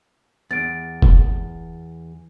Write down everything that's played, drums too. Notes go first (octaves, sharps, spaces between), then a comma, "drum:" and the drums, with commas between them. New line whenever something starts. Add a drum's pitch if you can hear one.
E2 A6 D7
drum: kick F1